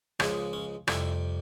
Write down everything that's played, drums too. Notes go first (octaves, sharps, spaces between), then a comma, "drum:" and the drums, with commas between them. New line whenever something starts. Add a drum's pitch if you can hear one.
C#2 C#3 F3 G#3, drum: rim click
C#4
F2 C3 G3 E4, drum: rim click